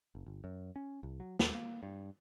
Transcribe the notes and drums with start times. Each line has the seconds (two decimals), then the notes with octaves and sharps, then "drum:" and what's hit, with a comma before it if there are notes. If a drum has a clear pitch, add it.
0.15 F#1
0.26 G1
0.44 F#2
0.76 C#4
1.03 C2
1.20 F#3
1.39 D#2, drum: snare
1.55 A#3
1.83 G2